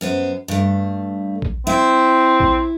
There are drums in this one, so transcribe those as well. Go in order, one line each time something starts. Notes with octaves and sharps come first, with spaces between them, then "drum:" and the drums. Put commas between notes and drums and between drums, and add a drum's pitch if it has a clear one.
F#2 B3 C5
G2 A3
drum: kick A#1
C4 E4
drum: kick A#1